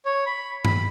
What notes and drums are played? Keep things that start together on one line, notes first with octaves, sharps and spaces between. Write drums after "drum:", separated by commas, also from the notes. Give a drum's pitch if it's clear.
C#5
B5
B5, drum: tom G2